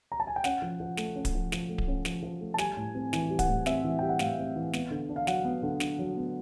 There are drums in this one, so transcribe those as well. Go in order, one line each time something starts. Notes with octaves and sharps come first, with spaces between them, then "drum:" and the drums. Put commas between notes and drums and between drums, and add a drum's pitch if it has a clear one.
A#5
A5
G#5
G5
C#4 F#5, drum: snare
F3
F3
A3, drum: snare
C#4
drum: kick D1, hi-hat
F3
F3, drum: snare
A3
drum: kick D1
C#4
F3, drum: snare
F3
A3
A5
G3 G#5, drum: snare
A2
C4
E3 G#5, drum: snare
G3
F#5, drum: kick D1, hi-hat
A2
C4 E5, drum: snare
E3
G3 G5
F#5
A2 F5, drum: snare
C4
E3
B3, drum: snare
D3
D4
F5
F#3 F#5, drum: snare
B3
D3
D4, drum: snare
F#3
B3